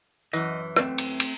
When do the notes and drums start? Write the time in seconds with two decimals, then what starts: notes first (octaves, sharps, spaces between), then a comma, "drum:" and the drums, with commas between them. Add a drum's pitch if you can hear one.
0.33 F#2 E3 D#5
0.76 A3 C4, drum: rim click
0.98 drum: cymbal
1.20 drum: cymbal